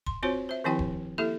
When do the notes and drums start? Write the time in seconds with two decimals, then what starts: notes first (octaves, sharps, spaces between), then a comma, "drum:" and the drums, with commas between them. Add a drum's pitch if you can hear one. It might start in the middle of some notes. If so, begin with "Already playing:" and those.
0.07 C6, drum: kick
0.23 C4 F4 F#4 C5 C#5
0.49 C5 E5
0.64 D#3 F3 C4 E4 G4 G5
0.79 drum: kick
1.18 A#3 E4 G4 A4 E5